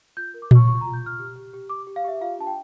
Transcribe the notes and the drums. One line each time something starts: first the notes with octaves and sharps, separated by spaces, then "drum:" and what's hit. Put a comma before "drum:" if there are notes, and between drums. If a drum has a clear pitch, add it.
F4 G6
A#4
D6
C#5 C#6, drum: tom A#2
F4 C#6
A#5
F4
G6
F4 F6
G4
G4
G4
G4 D6
G4
F5
G4 E5
F4 F5
D4 A5
G5